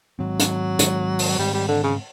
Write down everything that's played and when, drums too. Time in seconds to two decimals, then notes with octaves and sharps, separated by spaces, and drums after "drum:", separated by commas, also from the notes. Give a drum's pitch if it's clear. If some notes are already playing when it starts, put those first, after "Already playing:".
0.19 G#2 D#3 F#3 G#3 C4
0.39 drum: hi-hat
0.79 G#2 D#3 G#3 C4, drum: hi-hat
1.19 drum: open hi-hat
1.38 G#2 D#3 G3 G#3 C4
1.54 G3
1.68 D3
1.83 C#3